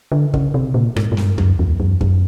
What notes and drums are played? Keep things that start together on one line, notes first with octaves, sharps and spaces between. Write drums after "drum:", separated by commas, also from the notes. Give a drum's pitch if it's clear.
D3
C#3, drum: kick
C3
A#2
G#2, drum: rim click
G#2
G2, drum: snare
F#2, drum: tom D2
E2
F#2
F#2, drum: kick